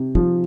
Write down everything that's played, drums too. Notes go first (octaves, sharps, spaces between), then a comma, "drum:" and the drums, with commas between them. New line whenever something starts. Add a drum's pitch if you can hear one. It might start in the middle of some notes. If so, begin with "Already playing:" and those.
Already playing: C3
F3, drum: kick